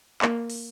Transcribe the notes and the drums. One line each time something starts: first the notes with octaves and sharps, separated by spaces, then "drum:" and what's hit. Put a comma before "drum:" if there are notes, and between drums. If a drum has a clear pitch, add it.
A#3, drum: clap
drum: open hi-hat